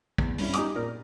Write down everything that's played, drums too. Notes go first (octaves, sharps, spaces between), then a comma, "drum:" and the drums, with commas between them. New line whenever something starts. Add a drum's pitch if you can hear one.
E2, drum: kick
G2 C#4 E4, drum: open hi-hat
D#4 G4 G#5 D6 D#6, drum: hi-hat
A#2 A#4 F6